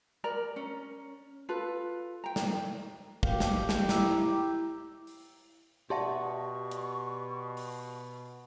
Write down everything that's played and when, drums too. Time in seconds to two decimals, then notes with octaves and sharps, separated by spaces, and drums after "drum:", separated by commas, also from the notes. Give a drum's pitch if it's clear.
0.24 A#4 D5 A#5
0.56 C#4
1.49 F4 A4 B4
2.24 G5 A#5
2.36 drum: snare
3.23 G4 F5, drum: kick
3.40 drum: snare
3.69 drum: snare
3.89 E4 A#5 E6, drum: snare
5.07 drum: open hi-hat
5.90 B2 G4 D5 E5 F#5 A5 C6 C#6
6.71 drum: hi-hat
7.57 drum: open hi-hat